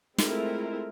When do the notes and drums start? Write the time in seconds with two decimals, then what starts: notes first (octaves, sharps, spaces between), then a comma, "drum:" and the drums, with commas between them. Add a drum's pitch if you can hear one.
0.18 G#3 A3 C4 E4 F4 A#4, drum: snare